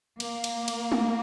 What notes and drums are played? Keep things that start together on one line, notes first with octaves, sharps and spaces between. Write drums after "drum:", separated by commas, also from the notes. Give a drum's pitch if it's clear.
A#3, drum: cymbal
drum: cymbal
drum: cymbal
drum: tom G#3